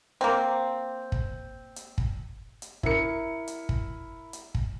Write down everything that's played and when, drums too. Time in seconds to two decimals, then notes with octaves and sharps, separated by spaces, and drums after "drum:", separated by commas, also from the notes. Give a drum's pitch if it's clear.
0.21 A#3 C4
1.12 drum: kick
1.76 drum: hi-hat
1.98 drum: kick
2.62 drum: hi-hat
2.83 E4 A#4 C#7, drum: kick
3.48 drum: hi-hat
3.69 drum: kick
4.33 drum: hi-hat
4.55 drum: kick